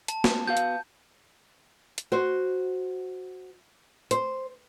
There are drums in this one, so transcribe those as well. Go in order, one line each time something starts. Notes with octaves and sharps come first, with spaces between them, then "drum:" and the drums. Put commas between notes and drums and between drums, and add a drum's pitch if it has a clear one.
A5, drum: hi-hat
drum: snare
B3 F#4 F5 G6
drum: hi-hat
drum: hi-hat
F#4 C5
C5, drum: hi-hat